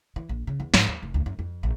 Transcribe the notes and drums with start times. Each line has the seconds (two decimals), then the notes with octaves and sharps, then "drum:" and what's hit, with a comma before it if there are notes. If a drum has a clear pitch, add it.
0.16 E3
0.29 A#1
0.47 C#3
0.60 E2
0.74 G#2, drum: snare
0.88 D#2
1.03 F1
1.14 D2
1.26 F#2
1.39 F2
1.63 A#1